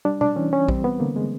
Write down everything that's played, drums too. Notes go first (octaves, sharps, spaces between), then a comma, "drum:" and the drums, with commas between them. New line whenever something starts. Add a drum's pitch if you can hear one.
G3 D4
D4, drum: tom B2
E3 C#4
C#4
G3 C4, drum: kick A#1
B3
D3 A#3
G#3